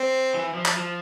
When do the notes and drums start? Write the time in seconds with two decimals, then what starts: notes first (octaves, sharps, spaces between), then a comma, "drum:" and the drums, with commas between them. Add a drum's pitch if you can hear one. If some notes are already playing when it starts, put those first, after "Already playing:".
Already playing: C4
0.35 E3
0.55 F3
0.65 drum: clap
0.76 F3